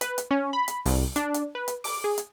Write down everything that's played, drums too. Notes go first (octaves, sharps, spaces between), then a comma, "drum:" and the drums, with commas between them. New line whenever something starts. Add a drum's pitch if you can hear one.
B4, drum: hi-hat
drum: hi-hat
C#4
B5
drum: hi-hat
C2, drum: open hi-hat
D4, drum: hi-hat
drum: hi-hat
B4
drum: hi-hat
D6, drum: open hi-hat
G#4
drum: hi-hat